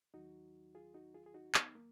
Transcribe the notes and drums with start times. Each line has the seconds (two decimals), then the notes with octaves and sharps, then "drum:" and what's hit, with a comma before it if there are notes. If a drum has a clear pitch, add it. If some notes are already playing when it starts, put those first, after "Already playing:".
0.14 D#2 D#3 F#3 D#4 F#4
0.75 F4 G#4
0.94 D#4 F#4
1.14 F4 G#4
1.26 G#4
1.34 D#4 F#4
1.54 B3 D#4, drum: clap
1.75 A#3